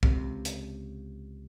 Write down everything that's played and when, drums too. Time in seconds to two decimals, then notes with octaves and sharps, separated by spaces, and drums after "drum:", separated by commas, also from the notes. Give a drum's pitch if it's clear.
0.03 C#2 C3, drum: kick
0.45 drum: hi-hat